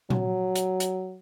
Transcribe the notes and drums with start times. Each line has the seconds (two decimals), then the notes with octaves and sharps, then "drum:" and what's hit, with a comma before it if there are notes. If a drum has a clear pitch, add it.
0.10 F#3, drum: tom A#2
0.55 drum: hi-hat
0.80 drum: hi-hat